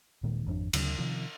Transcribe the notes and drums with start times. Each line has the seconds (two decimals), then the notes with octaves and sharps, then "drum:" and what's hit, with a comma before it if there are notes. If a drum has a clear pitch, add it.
0.23 D#1 A#2 D#3 G#3
0.46 G#1 F2 D4
0.73 D2 C#3 F#3, drum: cymbal
0.98 C3 D#3 F3